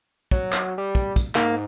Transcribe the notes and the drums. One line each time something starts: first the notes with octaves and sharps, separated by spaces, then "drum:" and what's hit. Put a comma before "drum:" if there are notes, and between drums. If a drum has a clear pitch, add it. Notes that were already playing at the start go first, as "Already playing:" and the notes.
F#3, drum: kick
drum: clap
G3
drum: kick
drum: kick, tambourine
G#2 A#3, drum: clap